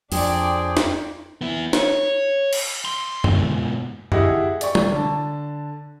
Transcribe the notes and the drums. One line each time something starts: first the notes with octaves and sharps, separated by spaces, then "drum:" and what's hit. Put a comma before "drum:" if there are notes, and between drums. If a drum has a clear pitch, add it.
F2 C4 D4 G#4 D5 G5, drum: open hi-hat
drum: snare
B3 E4
C#5, drum: snare
drum: cymbal
C6
G#2 B2, drum: tom F#2
E4 G4 G#4 D#5 F#5, drum: tom F#2
D5 G5 C#6, drum: hi-hat
drum: tom
D3 A5